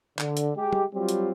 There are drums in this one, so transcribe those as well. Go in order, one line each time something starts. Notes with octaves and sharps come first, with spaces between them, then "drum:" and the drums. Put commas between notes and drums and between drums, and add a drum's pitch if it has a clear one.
D3, drum: clap
drum: hi-hat
G#3 G4
drum: tom
F#3 G3 C4 F4 G4
drum: hi-hat